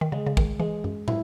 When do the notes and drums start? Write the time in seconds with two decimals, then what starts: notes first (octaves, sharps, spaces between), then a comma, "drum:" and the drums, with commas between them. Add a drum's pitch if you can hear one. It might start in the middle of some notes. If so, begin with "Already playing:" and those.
0.01 D#3
0.12 C#3 G#3
0.26 C#3
0.37 D#3, drum: kick
0.60 E3 G#3
0.84 F#2
1.08 E4, drum: tom